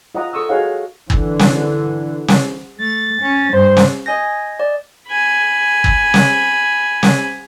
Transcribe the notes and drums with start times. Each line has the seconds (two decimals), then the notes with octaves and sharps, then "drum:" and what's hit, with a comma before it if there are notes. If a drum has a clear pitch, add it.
0.15 F4 D#5 F#5 A#5 D#6
0.33 A4 C6 C#6 D#6 E6
0.49 F#4 G#4 C#5 D#5 F5 F#5
1.10 D3 E3, drum: kick
1.39 drum: snare
2.28 drum: snare
2.79 A3 A6
3.21 C#4
3.53 G2 C5
3.77 drum: snare
4.06 D#5 G#5 G6 A#6
4.60 D5
5.08 G#5 B5
5.84 drum: kick
6.14 drum: snare
7.03 drum: snare